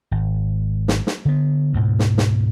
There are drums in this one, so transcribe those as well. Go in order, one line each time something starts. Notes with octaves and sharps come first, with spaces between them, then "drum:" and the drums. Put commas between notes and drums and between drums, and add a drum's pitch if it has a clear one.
G#1
drum: snare
drum: snare
D3 B3
D2 G#2 B2
drum: snare
drum: snare